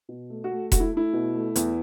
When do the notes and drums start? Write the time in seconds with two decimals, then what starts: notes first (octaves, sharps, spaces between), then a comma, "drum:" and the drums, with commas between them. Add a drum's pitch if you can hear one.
0.09 B2
0.30 A3
0.44 F#4
0.51 A3
0.72 A3 F#4, drum: kick E1, hi-hat
0.80 E4
0.93 A3 E4
1.13 B2
1.35 A3
1.56 E2, drum: hi-hat